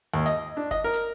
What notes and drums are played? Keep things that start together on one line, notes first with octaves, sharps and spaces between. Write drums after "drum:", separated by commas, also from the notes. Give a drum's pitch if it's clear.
D#2
D#5, drum: hi-hat
D4
D#5, drum: kick
A#4
drum: hi-hat